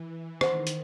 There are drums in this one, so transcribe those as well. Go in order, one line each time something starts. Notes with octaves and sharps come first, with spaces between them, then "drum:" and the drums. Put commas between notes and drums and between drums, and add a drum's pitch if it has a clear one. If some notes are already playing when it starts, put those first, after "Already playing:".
Already playing: E3
D#3 C5 F#5 C6, drum: rim click
drum: hi-hat